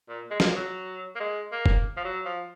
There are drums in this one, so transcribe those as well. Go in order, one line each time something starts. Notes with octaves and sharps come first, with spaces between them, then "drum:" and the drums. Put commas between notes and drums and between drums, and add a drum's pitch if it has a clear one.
A#2
G#3
A#3, drum: snare
F3
F#3
A#3
G#3
A#3
drum: kick
F3
F#3
F3